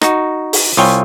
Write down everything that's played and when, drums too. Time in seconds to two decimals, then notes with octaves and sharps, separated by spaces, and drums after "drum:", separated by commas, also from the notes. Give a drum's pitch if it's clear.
0.01 D#4 F#4, drum: rim click
0.53 drum: open hi-hat
0.77 C2 F4 C#5 G5 G#5